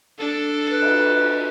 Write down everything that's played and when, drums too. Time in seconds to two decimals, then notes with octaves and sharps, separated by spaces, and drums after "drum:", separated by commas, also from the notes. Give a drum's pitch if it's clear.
0.19 D4 A4
0.70 B4
0.82 drum: cymbal